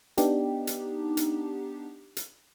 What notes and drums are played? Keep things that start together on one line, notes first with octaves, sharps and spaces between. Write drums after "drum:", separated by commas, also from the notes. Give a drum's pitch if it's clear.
B3 D4 D#4 G4, drum: hi-hat
drum: hi-hat
drum: hi-hat
drum: hi-hat